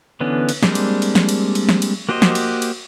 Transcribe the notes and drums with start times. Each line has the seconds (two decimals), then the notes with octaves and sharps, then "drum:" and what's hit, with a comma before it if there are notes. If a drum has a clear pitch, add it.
0.20 D3 E3 B3 C#4 D4
0.49 drum: cymbal
0.63 G3 G#3 A#3 C4 D4, drum: snare
0.75 drum: cymbal
1.02 drum: cymbal
1.15 drum: snare
1.29 drum: cymbal
1.55 drum: cymbal
1.69 drum: snare
1.82 drum: cymbal
2.09 A#3 F#4 G4 C5 D#5
2.22 drum: snare
2.35 drum: cymbal
2.62 drum: cymbal